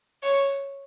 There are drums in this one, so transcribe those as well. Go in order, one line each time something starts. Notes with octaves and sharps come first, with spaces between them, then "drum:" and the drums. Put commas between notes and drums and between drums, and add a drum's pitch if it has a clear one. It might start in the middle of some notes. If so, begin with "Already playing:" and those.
C#5, drum: open hi-hat